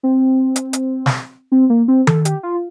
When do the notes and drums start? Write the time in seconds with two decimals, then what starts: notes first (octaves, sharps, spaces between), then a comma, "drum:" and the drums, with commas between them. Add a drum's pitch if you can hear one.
0.03 C4
0.56 drum: hi-hat
0.73 drum: hi-hat
1.06 drum: snare
1.52 C4
1.70 A#3
1.88 C4
2.07 A4, drum: tom D#3
2.25 G4, drum: hi-hat
2.43 F4